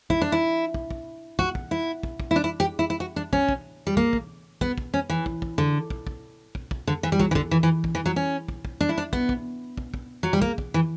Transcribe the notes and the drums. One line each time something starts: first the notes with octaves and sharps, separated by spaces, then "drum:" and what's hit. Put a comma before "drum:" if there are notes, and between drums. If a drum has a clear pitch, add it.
E4, drum: kick
D4
E4
drum: kick
drum: kick
F#4, drum: kick
drum: kick
E4
drum: kick
drum: kick
E4
D4
E4
G4
E4
E4
F#4
D4
C#4, drum: kick
drum: kick
G3
A#3, drum: kick
drum: kick
B3, drum: kick
drum: kick
C#4
E3
drum: kick
drum: kick
D3
drum: kick
drum: kick
drum: kick
drum: kick
D3
E3
G3
F#3, drum: kick
E3
D3, drum: kick
E3
E3
drum: kick
E3
F#3
C#4
drum: kick
drum: kick
D4
E4
D4
B3, drum: kick
drum: kick
drum: kick
drum: kick
F#3
G3
A#3, drum: kick
drum: kick
E3